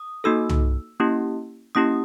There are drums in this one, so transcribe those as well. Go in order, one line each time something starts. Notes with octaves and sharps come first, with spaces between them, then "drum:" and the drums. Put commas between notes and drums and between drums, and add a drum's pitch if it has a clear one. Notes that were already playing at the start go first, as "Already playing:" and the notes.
Already playing: D#6
A#3 D#4 F#4 A4 E6
drum: tom
A#3 C#4 E4 G4
A#3 C#4 E4 G4 D#6